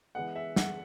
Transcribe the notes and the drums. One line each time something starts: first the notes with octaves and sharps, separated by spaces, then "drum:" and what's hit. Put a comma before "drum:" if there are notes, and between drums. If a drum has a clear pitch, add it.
E3 G#3 B3 F#5
E5
F#5, drum: snare